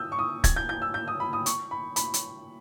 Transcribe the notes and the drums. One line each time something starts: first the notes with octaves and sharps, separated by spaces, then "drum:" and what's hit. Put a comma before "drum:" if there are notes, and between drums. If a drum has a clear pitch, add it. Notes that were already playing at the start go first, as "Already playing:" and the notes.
Already playing: D#6 E6 G6
C#6
D#6
G#6, drum: kick D1, hi-hat
G6
G6
E6
G6
D#6
B5
D#6
C#6, drum: hi-hat
B5
B5, drum: hi-hat
drum: hi-hat